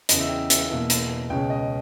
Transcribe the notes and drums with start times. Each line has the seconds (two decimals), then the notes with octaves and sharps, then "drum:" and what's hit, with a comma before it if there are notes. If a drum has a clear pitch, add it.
0.09 E2 C#3 E3 D#5, drum: hi-hat
0.20 E5
0.29 G5
0.50 E5, drum: hi-hat
0.69 E2 B2 A#3 E5
0.90 drum: hi-hat
1.30 C#2 B2 G#3 C#4 G5
1.50 D#5